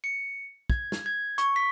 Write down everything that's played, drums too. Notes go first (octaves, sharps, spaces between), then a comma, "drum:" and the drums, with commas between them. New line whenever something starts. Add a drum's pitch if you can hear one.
C#7
G#6, drum: kick
drum: snare
G#6
C#6, drum: hi-hat
B6